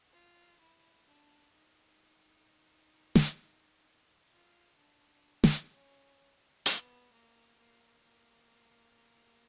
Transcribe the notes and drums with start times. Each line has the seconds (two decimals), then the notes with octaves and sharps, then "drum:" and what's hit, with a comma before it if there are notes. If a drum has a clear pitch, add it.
0.13 F4
0.60 E4
1.08 D4
1.53 D#4
3.15 drum: snare
4.33 F4
4.79 D4
5.44 drum: snare
5.72 C#4
6.66 B3, drum: hi-hat
7.12 A#3
7.59 A#3
8.05 A#3